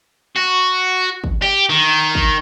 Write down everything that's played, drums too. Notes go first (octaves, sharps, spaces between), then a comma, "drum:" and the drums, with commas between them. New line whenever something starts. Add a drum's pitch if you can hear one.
F#4
drum: kick
G4
D#3
drum: kick